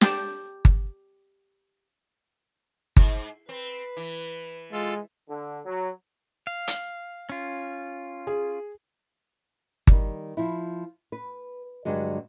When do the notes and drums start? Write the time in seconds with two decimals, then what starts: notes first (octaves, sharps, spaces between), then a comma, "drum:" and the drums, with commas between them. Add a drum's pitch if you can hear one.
0.01 G4 G5 A5, drum: snare
0.65 drum: kick G1
2.97 G#2, drum: kick G1
3.49 C4 B4
3.97 E3
4.72 G#3 F4 A4
5.28 D3
5.64 F#3
6.47 F5
6.67 drum: hi-hat
7.29 C#4 F4
8.27 G#4
9.87 D#3 G3, drum: kick G1
10.37 F3 E4
11.12 B4
11.85 G2 D3 F#3 G#3